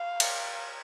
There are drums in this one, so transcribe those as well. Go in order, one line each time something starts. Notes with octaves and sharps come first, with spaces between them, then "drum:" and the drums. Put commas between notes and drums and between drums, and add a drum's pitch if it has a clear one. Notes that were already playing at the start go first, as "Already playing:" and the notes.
Already playing: F5
drum: cymbal